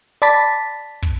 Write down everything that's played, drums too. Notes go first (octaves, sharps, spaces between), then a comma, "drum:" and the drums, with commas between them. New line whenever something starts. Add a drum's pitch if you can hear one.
D5 A5 B5 D6 A6 B6
drum: kick